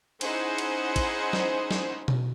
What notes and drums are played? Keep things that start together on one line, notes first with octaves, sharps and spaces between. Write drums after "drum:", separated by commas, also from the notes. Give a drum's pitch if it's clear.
C#4 D#4 E4 G#4 C5 F#5, drum: cymbal
drum: cymbal
drum: kick, cymbal
drum: snare
drum: snare
drum: tom B2